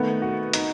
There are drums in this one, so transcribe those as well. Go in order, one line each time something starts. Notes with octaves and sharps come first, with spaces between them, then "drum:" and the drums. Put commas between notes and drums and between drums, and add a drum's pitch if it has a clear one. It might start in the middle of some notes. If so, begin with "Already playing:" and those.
Already playing: D#3 A3 B3
F#4
D#4, drum: hi-hat